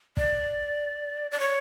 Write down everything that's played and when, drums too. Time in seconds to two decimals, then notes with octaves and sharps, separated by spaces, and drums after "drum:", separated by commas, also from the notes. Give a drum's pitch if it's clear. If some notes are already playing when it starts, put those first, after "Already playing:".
0.17 D5, drum: kick
1.31 D5
1.40 C#5